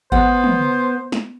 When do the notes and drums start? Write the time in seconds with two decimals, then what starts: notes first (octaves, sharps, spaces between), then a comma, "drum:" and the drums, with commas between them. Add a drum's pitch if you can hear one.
0.12 B3 C5 F#5, drum: kick G#1
0.44 drum: tom
1.12 drum: snare